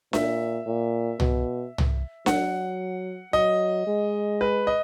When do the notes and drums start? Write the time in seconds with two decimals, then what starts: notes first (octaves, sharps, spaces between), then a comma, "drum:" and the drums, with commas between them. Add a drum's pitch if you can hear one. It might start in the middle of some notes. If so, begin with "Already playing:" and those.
0.13 A#2 E5, drum: snare D4
0.66 A#2
1.20 B2, drum: tom
1.78 drum: tom
2.26 F#3 F#5, drum: snare D4
3.33 F#3 D#5
3.87 G#3
4.41 B4
4.67 D#5